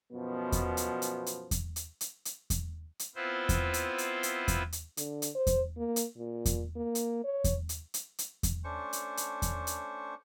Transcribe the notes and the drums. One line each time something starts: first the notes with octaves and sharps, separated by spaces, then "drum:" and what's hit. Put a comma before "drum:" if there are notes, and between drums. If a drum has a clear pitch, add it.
F#2 B2 F3 B3
drum: kick E2, hi-hat
drum: hi-hat
drum: hi-hat
drum: hi-hat
drum: kick E2, hi-hat
drum: hi-hat
drum: hi-hat
drum: hi-hat
drum: kick E2, hi-hat
drum: hi-hat
B3 C4 E4 F4 B4 C5
drum: kick E2, hi-hat
drum: hi-hat
drum: hi-hat
drum: hi-hat
drum: kick E2, hi-hat
drum: hi-hat
D3, drum: hi-hat
drum: hi-hat
C5
drum: kick E2, hi-hat
A#3
drum: hi-hat
A#2
drum: kick E2, hi-hat
A#3
drum: hi-hat
C#5
drum: kick E2, hi-hat
drum: hi-hat
drum: hi-hat
drum: hi-hat
drum: kick E2, hi-hat
A3 C#4 D4 C5 C#6
drum: hi-hat
drum: hi-hat
drum: kick E2, hi-hat
drum: hi-hat